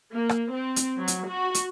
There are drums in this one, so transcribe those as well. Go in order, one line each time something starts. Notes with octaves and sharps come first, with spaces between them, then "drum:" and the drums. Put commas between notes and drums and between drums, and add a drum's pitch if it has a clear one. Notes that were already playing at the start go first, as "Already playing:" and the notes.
A#3
drum: rim click
C4
drum: hi-hat
F#3
drum: hi-hat
F#4
drum: hi-hat